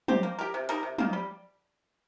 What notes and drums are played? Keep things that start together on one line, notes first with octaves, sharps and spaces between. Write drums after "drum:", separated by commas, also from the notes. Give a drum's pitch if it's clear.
C4 G4, drum: tom
A#3
G4 A#4
C3
G3 D#4 A#4, drum: hi-hat
C3
D#3 A#3, drum: tom
G3